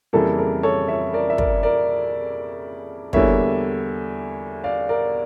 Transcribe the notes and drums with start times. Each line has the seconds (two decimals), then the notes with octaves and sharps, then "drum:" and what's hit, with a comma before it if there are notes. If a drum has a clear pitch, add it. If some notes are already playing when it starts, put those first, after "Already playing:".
0.13 F2 C#3 E3 G3 A#3 A4
0.38 A#4
0.63 A4 C#5
0.88 C#5 E5
1.13 A#4 D5
1.30 E5
1.38 A#4 D5, drum: kick
1.63 A#4 D5
3.13 E2 D3 G3 A#3 C#5 E5, drum: kick
4.64 D5 F5
4.89 A#4 D5